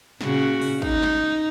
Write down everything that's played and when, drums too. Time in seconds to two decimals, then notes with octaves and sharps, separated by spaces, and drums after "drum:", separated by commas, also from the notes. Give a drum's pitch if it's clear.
0.21 A#2 C#3 F#4, drum: snare
0.62 drum: open hi-hat
0.82 D#4, drum: kick
1.02 drum: snare